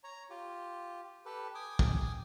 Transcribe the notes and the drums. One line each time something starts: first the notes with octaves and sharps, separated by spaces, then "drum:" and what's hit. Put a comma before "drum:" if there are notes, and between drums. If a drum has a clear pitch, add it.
C#5 A#5
F4 G4
G4 A4 B4
G5 G#5 D6 D#6
drum: kick